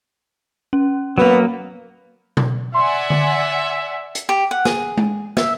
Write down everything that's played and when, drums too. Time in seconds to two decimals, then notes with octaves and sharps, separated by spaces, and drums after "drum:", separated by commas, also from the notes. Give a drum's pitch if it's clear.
0.73 C#4
1.18 F#3 A#3 B3
2.37 drum: tom B2
2.74 D5 E5 F#5 G#5 C6
3.10 drum: tom D3
4.15 drum: hi-hat
4.29 G4
4.51 F#5
4.65 G#4, drum: snare
4.97 drum: tom G#3
5.37 E5, drum: snare